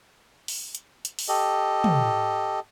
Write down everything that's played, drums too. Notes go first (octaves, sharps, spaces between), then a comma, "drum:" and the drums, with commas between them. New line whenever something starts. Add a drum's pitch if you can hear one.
drum: open hi-hat
drum: hi-hat
drum: hi-hat
drum: open hi-hat
G4 A4 D#5
drum: tom